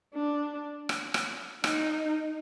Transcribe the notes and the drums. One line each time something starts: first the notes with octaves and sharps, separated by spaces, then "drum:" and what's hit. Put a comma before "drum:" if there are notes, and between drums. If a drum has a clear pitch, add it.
D4
drum: rim click
drum: rim click
D#4, drum: rim click